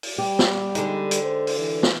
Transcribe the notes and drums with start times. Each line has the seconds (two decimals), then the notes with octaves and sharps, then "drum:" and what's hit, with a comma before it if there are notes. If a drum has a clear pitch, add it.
0.03 drum: open hi-hat
0.18 G3 G4
0.39 drum: snare
0.75 D3 G#3 D#4, drum: hi-hat
1.11 drum: hi-hat
1.22 C5
1.47 drum: open hi-hat
1.58 E3
1.83 drum: snare